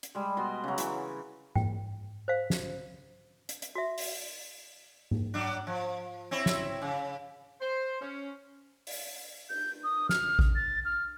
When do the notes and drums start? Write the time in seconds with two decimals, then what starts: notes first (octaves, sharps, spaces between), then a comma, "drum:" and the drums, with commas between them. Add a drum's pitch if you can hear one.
0.03 drum: hi-hat
0.15 G3 G#3
0.37 B2 D#5 C6
0.64 C#3 F#3
0.78 E3, drum: hi-hat
1.56 G5, drum: tom G#2
2.28 C5 F5
2.50 drum: snare
3.49 drum: hi-hat
3.62 drum: hi-hat
3.75 F#4 E5
3.98 drum: open hi-hat
5.11 drum: tom G#2
5.34 F#3 D4
5.67 F3
6.31 C4 E4 C#5
6.46 drum: snare
6.82 C#3
7.61 C5
8.01 C#4
8.87 drum: open hi-hat
9.49 G6, drum: cymbal
9.84 D#6
10.09 F6, drum: snare
10.39 drum: kick A1
10.55 A6
10.85 F6